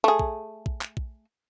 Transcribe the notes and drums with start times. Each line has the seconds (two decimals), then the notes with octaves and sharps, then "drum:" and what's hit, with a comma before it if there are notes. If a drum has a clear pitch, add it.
0.04 A3 G#4
0.19 drum: kick A#1
0.66 drum: kick A#1
0.81 drum: clap
0.97 drum: kick A#1